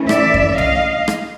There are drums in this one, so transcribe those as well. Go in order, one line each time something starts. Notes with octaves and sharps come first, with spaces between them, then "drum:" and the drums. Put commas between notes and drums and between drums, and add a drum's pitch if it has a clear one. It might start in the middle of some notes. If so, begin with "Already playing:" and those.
Already playing: E3 A3 C#4
D5 E5, drum: rim click
drum: kick F#2
D#5 F5, drum: tom
drum: rim click